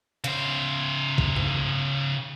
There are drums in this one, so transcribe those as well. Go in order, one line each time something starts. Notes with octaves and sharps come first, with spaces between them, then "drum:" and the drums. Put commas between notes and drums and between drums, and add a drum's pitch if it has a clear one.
C#3 C5, drum: hi-hat
drum: kick
drum: tom G2